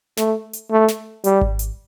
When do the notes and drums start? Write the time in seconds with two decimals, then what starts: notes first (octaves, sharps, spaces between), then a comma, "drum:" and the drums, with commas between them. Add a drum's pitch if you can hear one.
0.17 A3, drum: snare
0.53 drum: hi-hat
0.71 A3
0.89 drum: snare
1.24 G3, drum: hi-hat
1.41 drum: kick G#1
1.59 drum: hi-hat